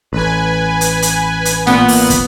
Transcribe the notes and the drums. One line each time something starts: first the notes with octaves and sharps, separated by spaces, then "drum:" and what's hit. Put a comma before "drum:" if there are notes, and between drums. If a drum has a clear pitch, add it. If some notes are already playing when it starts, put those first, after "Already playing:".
A1 B4 G#5
drum: hi-hat
drum: hi-hat
drum: hi-hat
A#2 B3, drum: snare
drum: open hi-hat
drum: kick, hi-hat